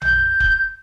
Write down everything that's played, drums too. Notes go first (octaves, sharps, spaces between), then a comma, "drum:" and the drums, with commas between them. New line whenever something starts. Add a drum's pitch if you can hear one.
G6, drum: tom A1
drum: kick